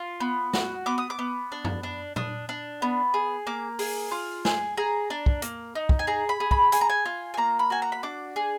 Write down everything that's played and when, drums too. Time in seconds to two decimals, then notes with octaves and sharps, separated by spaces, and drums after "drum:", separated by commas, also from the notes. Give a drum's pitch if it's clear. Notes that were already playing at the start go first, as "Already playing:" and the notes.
Already playing: F4
0.20 B3
0.53 F#4, drum: snare
0.86 B3 D6
0.98 D#6
1.10 D6
1.19 B3
1.52 D4
1.64 drum: tom F#2
1.83 D4
2.16 D4 D#6, drum: tom
2.49 D4
2.82 B3
3.14 G#4
3.47 A#3 D6
3.79 G#4, drum: open hi-hat
4.11 F4
4.45 G#4, drum: snare
4.77 G#4 A#5
5.10 D4
5.26 drum: kick
5.42 A#3, drum: hi-hat
5.75 D#4
5.89 drum: kick
5.99 G#5
6.07 G#4 A#5
6.29 B5
6.40 G#4
6.51 B5, drum: kick
6.72 G#4 G#5, drum: hi-hat
6.81 A#5
6.89 G#5
7.06 F4
7.34 G#5
7.37 A#3 A#5
7.59 B5
7.70 F#4 G#5
7.82 A#5
7.92 B5
8.03 D4 D6
8.36 G#4